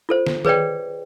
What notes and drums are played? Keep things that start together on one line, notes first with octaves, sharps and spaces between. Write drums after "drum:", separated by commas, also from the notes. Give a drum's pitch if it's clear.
F4 A4 C5
drum: snare
G#4 B4 C#5 D5 G5, drum: tom D#3